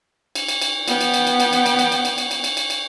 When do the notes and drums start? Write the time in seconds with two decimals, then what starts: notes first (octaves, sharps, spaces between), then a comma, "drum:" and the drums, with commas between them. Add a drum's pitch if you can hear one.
0.35 drum: cymbal
0.49 drum: cymbal
0.62 drum: cymbal
0.88 B3 G5, drum: cymbal
1.01 drum: cymbal
1.14 drum: cymbal
1.27 drum: cymbal
1.40 drum: cymbal
1.53 drum: cymbal
1.66 drum: cymbal
1.79 drum: cymbal
1.92 drum: cymbal
2.05 drum: cymbal
2.18 drum: cymbal
2.31 drum: cymbal
2.44 drum: cymbal
2.57 drum: cymbal
2.70 drum: cymbal